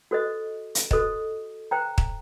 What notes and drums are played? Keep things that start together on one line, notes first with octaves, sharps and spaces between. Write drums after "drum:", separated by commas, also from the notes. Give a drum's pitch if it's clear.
F#4 A4 C5 D#5
drum: hi-hat
F#4 A4 C5 D#5, drum: kick
C5 G5 A#5
drum: kick